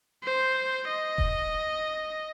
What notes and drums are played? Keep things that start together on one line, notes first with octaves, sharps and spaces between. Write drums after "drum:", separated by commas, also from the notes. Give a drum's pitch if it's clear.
C5
D#5
drum: kick E1